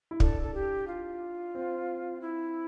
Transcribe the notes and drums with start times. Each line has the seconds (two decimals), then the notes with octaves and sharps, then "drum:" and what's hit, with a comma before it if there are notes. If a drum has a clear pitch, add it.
0.11 E4
0.20 D4 A4, drum: kick
0.42 A4
0.54 G4
0.87 F4
1.55 C4
2.21 E4